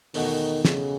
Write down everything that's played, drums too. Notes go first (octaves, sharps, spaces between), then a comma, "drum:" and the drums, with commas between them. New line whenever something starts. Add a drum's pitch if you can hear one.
E2 B2 D#3 A3 D#4 F#4, drum: open hi-hat
C#3, drum: snare